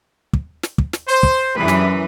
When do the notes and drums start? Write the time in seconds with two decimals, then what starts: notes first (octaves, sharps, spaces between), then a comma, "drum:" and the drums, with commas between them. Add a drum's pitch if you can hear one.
0.33 drum: kick
0.63 drum: snare
0.78 drum: kick
0.93 drum: snare
1.08 C5
1.23 drum: kick
1.56 F#2 E3 D4 G4 G#4 B4
1.68 drum: snare